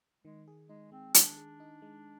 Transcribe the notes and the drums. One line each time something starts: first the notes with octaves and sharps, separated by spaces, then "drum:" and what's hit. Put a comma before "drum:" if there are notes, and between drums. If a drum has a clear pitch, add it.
D#3 G#3
G#4
G#3 D#4
G#3 C4
D#3 D4, drum: hi-hat
G#4
D#4
G#3